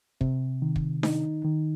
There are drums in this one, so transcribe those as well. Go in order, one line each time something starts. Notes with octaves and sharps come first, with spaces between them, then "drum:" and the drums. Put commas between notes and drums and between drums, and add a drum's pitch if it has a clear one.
C3, drum: kick
D#3
drum: kick
D#4, drum: snare D4
D#3